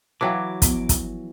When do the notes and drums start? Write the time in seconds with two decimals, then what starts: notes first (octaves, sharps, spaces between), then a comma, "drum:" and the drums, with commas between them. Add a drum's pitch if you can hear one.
0.21 E3 F#3 F5 G5 A5 D6
0.62 F3 B3, drum: kick, hi-hat
0.89 drum: kick, hi-hat